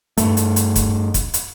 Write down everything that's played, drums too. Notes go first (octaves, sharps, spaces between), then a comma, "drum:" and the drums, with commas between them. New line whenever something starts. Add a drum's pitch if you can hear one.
G2 A3, drum: hi-hat
drum: hi-hat
drum: hi-hat
drum: kick, hi-hat
drum: kick, hi-hat
drum: hi-hat